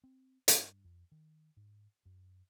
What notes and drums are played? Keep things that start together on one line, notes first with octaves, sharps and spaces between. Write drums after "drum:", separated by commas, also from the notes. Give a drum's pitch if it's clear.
C4
G2, drum: hi-hat
F2
D#3
G#2
F#2